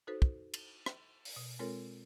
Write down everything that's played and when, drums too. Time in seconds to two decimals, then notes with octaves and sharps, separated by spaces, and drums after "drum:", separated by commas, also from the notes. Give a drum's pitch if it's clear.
0.07 D#4 F#4 A4 B4 C5
0.22 drum: kick
0.54 drum: cymbal
0.86 drum: rim click
1.25 drum: open hi-hat
1.36 B2
1.59 G#3 C4 F4 A4 A#4 C#5